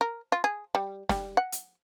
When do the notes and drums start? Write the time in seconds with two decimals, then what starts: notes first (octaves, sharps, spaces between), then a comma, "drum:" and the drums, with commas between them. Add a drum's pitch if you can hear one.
0.01 A#4
0.32 F4
0.44 G#4
0.75 G3
1.09 G3, drum: snare
1.37 F#5
1.52 drum: hi-hat